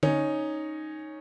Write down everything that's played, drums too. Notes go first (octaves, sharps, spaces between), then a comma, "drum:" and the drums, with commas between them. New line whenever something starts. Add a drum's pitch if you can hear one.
C#4 D#4, drum: tom D3